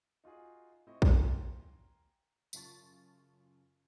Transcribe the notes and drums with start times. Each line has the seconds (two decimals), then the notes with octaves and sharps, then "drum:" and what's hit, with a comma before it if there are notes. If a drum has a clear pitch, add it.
0.24 D#4 F4 F#4 G#4
0.87 A2 C4 E4 D#5 C#6
1.02 F5 G5 G#5 A#5 C6, drum: kick
2.53 F#2 C#3 F4 A5 C#6 A6, drum: tambourine